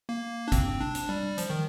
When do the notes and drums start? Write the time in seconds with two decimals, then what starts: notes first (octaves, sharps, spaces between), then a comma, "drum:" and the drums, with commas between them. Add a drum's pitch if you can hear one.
0.09 A#3
0.48 D4
0.52 C4, drum: kick G#1, hi-hat
0.80 D4
0.95 drum: hi-hat
1.09 G3
1.38 F3, drum: hi-hat
1.50 D#3